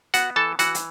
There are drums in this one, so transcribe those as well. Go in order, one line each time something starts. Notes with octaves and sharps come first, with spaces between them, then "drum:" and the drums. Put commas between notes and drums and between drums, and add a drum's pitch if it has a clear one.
B3 F#4 F#5, drum: hi-hat
E3 A4 A5
E3 F#4 F#5, drum: hi-hat
drum: hi-hat